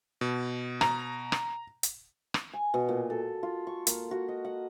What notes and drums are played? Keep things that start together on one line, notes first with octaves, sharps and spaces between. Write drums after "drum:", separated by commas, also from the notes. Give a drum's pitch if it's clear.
B2
A#5, drum: rim click
drum: rim click
drum: hi-hat
drum: rim click
G#5
B2
A#2
A4
F4
C#6
A#3, drum: hi-hat
F#4
D#5
F#5